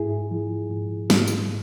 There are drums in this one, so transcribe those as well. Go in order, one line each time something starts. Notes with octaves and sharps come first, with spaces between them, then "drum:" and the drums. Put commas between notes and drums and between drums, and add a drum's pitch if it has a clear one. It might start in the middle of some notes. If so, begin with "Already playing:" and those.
Already playing: G#2 E4 G#4
F3
G#2
G#2, drum: snare
drum: tambourine